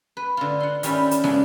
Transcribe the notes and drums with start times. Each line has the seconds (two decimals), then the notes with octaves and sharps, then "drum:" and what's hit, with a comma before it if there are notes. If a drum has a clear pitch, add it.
0.17 B4
0.37 D3 F4
0.60 F#5 C6
0.83 D#3 G3 C#4 E4 G5, drum: hi-hat
1.11 drum: hi-hat
1.24 C#3 E3 F#3 G#3 D4, drum: snare